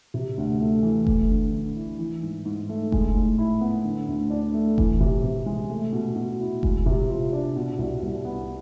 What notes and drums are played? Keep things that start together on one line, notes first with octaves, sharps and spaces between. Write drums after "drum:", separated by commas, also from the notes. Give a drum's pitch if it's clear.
C3
D2
A3
E3
A3, drum: kick F1
D3
D3
E4
E3
G#2
G#2
A3
G#3, drum: kick F1
A2
E4
B3
D3
D2
D4
A3
E3, drum: kick F1
C3
C3
G#3
A3
B2
B2
E4
G#3, drum: kick F1
C3
F4
D4
B2
C2
C2
B3